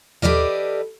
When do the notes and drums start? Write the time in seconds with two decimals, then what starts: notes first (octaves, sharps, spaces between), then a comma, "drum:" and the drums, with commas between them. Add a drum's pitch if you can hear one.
0.22 G4 A4 B4 D5 D#5 F5, drum: tom D#2